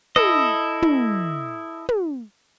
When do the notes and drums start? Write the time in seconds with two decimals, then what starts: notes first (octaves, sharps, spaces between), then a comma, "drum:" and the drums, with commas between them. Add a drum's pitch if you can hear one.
0.16 E4 A4 D#5, drum: tom
0.82 drum: tom
1.89 drum: tom